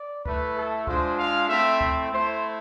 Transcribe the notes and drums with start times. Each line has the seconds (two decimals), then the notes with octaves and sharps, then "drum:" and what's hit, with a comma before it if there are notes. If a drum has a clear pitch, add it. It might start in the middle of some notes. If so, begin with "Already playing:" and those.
Already playing: D5
0.26 A3 E4 B4, drum: kick D2
0.56 A4
0.87 G#3 D4 F4 C5, drum: kick D2
1.18 F5
1.49 A3 C4 E4 E5
1.81 drum: kick D2
2.12 A3 E4 C5